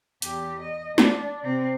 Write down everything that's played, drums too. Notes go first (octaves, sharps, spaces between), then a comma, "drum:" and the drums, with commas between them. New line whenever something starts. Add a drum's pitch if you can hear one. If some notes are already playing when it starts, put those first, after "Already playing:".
E2 G4, drum: hi-hat
D#5
D4, drum: snare
C3 C4